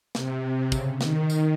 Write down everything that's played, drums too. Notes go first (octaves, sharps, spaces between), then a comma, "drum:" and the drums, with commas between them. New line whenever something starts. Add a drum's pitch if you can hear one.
C3, drum: snare
C#3, drum: kick, tambourine
D#3, drum: snare
drum: tambourine